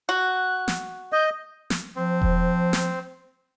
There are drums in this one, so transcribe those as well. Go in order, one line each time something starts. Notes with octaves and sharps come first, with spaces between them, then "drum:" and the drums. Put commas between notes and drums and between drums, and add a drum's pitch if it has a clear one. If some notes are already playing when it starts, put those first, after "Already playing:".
F#4 F#6
drum: snare
D#5 G6
drum: snare
F3 C4
drum: kick E1
drum: snare